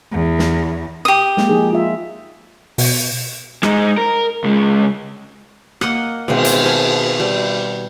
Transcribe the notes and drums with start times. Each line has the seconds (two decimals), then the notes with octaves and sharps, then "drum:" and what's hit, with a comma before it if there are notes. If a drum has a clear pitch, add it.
0.12 E2
0.39 drum: snare
1.05 G4 D#6
1.37 G#3 A#3, drum: snare
1.49 F3 D#4 G#4
1.73 F4 E5
2.78 B2, drum: open hi-hat
3.63 G#3 D#4, drum: rim click
3.97 A#4
4.44 C#2 G#3
5.81 A#3 D#5 F#5, drum: rim click
6.28 B2 D#3 G#3 C4, drum: cymbal
6.45 drum: hi-hat
6.66 G#4 F5 A5
7.20 G3